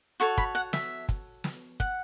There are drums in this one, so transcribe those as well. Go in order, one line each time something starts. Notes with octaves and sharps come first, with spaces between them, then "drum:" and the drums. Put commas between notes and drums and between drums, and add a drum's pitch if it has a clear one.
F#4 A4 C#5 C#6
B5, drum: kick, hi-hat
F#5
E5, drum: snare
drum: kick, hi-hat
drum: snare
F#5, drum: kick